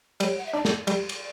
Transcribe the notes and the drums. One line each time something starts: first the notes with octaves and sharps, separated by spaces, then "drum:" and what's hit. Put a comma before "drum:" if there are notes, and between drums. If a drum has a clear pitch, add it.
G3 C#5, drum: cymbal
F#5
E5
D4 D5
drum: snare
G3, drum: cymbal
drum: cymbal